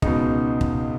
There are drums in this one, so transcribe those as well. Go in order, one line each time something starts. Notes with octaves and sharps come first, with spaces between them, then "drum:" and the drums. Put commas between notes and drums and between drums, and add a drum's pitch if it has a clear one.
C#2 B2 D#4, drum: kick
drum: kick